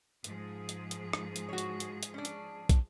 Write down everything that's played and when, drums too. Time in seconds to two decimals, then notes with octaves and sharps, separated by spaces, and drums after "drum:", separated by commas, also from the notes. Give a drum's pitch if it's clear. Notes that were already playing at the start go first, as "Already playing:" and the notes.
0.24 G#2 F3 G#4, drum: hi-hat
0.69 drum: hi-hat
0.91 drum: hi-hat
1.13 drum: rim click
1.36 drum: hi-hat
1.49 F#4 C#5
1.58 drum: hi-hat
1.80 drum: hi-hat
2.03 drum: hi-hat
2.14 C#4 D4
2.25 drum: hi-hat
2.69 drum: kick, hi-hat